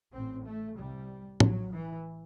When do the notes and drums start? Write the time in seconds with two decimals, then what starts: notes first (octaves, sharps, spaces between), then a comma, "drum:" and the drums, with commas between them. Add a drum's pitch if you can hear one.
0.13 A1 A2 C4
0.46 A3
0.77 C2 C3 G3
1.40 A1 A2 F#3, drum: tom
1.72 E3